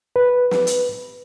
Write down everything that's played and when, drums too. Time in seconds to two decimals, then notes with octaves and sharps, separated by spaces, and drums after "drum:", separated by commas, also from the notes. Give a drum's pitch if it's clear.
0.16 B4
0.51 drum: snare
0.67 drum: hi-hat